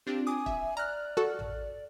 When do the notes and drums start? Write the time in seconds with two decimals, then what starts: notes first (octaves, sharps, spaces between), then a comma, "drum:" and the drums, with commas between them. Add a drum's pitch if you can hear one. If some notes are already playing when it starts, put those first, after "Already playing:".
0.07 C4 D4 F4 G4
0.27 G#5 D6 D#6
0.46 E5, drum: kick
0.77 D5 A#5 F6 F#6
1.17 F#4 A4
1.39 drum: tom A1